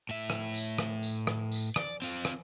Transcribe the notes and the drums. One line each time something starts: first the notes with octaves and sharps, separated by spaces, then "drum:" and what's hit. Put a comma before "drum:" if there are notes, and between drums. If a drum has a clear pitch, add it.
A2 E5
drum: rim click
drum: tambourine
drum: rim click
drum: tambourine
drum: rim click
drum: tambourine
D5, drum: rim click
C4 F4, drum: tambourine
drum: rim click